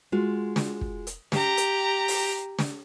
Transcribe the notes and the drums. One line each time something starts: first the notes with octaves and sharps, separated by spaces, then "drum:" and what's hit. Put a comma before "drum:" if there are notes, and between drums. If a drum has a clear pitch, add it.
G#3 F4 F#4
drum: snare
drum: kick
drum: hi-hat
G4 F5 A#5, drum: snare
drum: hi-hat
drum: open hi-hat
drum: snare